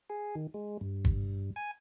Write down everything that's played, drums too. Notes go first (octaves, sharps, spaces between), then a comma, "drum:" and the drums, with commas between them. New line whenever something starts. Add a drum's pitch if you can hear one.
G#4
D#3
G#3
G2
drum: kick
G#5